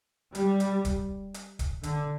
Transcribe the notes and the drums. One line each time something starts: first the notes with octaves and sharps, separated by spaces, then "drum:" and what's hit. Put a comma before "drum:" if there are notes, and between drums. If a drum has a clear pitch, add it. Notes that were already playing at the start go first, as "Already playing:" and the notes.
G3, drum: hi-hat
drum: hi-hat
drum: kick, hi-hat
drum: hi-hat
drum: kick, hi-hat
D3, drum: hi-hat